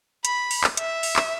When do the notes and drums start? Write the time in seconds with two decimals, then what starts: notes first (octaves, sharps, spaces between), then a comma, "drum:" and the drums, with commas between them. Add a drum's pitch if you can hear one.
0.25 B5, drum: hi-hat
0.51 drum: open hi-hat
0.64 drum: clap
0.77 E5, drum: hi-hat
1.03 drum: open hi-hat
1.16 drum: clap